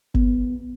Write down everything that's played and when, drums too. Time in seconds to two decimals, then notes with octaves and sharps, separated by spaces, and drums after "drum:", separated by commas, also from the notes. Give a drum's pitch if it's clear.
0.14 B3, drum: kick G1